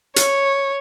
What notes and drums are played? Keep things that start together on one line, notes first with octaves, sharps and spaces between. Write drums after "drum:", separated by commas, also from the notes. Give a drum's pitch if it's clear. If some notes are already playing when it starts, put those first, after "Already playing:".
C#5, drum: hi-hat